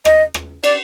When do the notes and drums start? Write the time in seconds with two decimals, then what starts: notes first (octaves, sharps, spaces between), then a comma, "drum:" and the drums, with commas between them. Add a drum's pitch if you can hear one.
0.05 D#5, drum: rim click
0.34 drum: rim click
0.64 D5, drum: cymbal